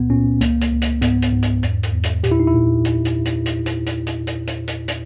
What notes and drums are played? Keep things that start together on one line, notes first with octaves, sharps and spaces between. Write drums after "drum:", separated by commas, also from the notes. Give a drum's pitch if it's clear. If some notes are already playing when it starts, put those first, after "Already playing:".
Already playing: C#2 A#2 B3
A#2 C#4
C#2 A#3, drum: hi-hat
drum: hi-hat
C#2
drum: hi-hat
G#2 B3, drum: hi-hat
drum: hi-hat
G#2
drum: hi-hat
E2, drum: hi-hat
drum: hi-hat
E2
drum: hi-hat
A#2 G4, drum: hi-hat
E4
D#4
E4
A#2
drum: hi-hat
drum: hi-hat
drum: hi-hat
drum: hi-hat
drum: hi-hat
drum: hi-hat
drum: hi-hat
drum: hi-hat
drum: hi-hat
drum: hi-hat
drum: hi-hat